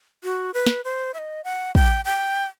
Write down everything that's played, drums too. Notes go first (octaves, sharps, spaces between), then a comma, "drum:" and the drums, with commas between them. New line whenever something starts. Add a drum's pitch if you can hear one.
F#4
B4
drum: snare
C5
E5
D#5
F#5
G5, drum: kick
G5